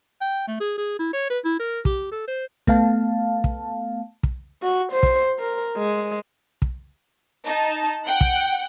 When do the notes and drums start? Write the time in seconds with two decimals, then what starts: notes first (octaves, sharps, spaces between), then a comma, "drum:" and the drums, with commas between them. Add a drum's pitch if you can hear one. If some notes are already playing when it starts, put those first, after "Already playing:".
0.21 G5
0.47 A3
0.60 G#4
0.78 G#4
0.99 E4
1.13 C#5
1.30 B4
1.45 E4
1.59 A#4
1.85 G4, drum: kick
2.12 A4
2.27 C5
2.67 A3 B3 F5 A5, drum: kick
3.44 drum: kick
4.23 drum: kick
4.62 F#4
4.92 C5
5.03 drum: kick
5.39 A#4
5.77 G#3
6.62 drum: kick
7.47 D#4 A5
8.06 F#5 G5
8.21 drum: kick